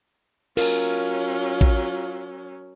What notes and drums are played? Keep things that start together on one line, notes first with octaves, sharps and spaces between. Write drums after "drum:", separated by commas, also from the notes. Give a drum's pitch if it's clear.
F#3 C#4 F4 A#4, drum: cymbal
drum: kick A1